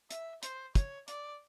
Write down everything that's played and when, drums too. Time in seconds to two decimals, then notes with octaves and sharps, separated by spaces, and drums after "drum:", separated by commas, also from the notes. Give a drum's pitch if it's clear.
0.11 E5, drum: hi-hat
0.43 C5, drum: hi-hat
0.75 C#5, drum: kick, hi-hat
1.08 D5, drum: hi-hat